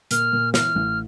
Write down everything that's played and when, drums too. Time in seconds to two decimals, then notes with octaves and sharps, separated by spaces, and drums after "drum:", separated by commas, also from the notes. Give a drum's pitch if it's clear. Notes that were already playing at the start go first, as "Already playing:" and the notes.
0.11 A#2 F6, drum: hi-hat
0.33 A#2
0.54 E3 F6, drum: snare
0.75 A1